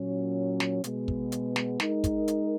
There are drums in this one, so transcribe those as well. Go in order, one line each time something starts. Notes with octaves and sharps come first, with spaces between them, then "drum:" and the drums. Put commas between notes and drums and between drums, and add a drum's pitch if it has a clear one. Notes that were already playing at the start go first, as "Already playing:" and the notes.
Already playing: A#2 F#3 C#4
drum: snare
B2 G#3 B3, drum: hi-hat
drum: kick
drum: hi-hat
drum: snare
G#3 D#4 A#4, drum: snare
drum: kick, hi-hat
drum: hi-hat